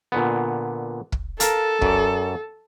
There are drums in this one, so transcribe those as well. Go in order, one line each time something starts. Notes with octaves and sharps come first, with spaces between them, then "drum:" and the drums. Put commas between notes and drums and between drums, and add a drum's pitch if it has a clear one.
A#2 D3 B3
drum: kick
A4 A#4 F5 A5, drum: hi-hat
F#2 D5, drum: kick